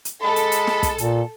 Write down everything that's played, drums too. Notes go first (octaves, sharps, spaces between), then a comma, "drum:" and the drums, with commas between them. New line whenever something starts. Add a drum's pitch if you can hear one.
drum: hi-hat
G#3 A4 B5
drum: hi-hat
drum: hi-hat
drum: snare
drum: kick, hi-hat
A#2, drum: hi-hat